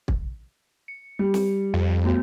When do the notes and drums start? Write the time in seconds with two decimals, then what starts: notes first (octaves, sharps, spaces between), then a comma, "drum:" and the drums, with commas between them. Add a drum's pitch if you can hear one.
0.08 drum: kick
0.88 C#7
1.19 G3
1.34 drum: snare
1.74 F2
2.04 A3 B3 F#4